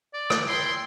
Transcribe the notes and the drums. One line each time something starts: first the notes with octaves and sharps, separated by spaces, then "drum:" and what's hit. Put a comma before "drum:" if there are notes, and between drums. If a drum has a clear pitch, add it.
D5
drum: rim click
E4 G5 C6